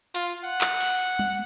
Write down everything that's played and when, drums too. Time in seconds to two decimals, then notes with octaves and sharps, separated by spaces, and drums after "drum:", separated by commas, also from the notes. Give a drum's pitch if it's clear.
0.15 F4, drum: hi-hat
0.44 F#5
0.61 drum: clap
0.80 drum: cymbal
1.19 drum: tom G3